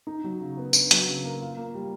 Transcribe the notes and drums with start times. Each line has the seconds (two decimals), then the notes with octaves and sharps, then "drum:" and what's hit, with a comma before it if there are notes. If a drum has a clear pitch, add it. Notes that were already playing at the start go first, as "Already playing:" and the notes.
0.07 D#4
0.24 F#3
0.41 C#3
0.57 B3
0.73 D4, drum: tambourine
0.91 F#3, drum: hi-hat
1.08 C#3
1.24 A#3
1.41 F4
1.57 A#3
1.74 G3